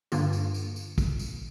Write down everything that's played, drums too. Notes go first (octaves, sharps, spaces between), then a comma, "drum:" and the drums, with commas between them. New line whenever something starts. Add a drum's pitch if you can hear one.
G2 D3 A#3 F4, drum: tambourine
drum: tambourine
drum: tambourine
drum: tambourine
drum: kick, tambourine
drum: tambourine